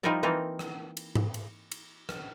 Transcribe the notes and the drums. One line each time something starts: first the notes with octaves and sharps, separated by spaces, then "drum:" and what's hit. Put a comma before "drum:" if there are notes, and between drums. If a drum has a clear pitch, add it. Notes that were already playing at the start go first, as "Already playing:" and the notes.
F3 G3 D#4 E4 A#4 D5
E3 A#3 C4 D#4 F4
drum: rim click
drum: cymbal
drum: tom G#2
drum: cymbal
drum: cymbal
drum: rim click